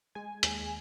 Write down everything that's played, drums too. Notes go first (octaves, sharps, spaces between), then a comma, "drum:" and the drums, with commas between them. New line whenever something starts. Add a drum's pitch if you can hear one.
G#3 G#5
D#2, drum: hi-hat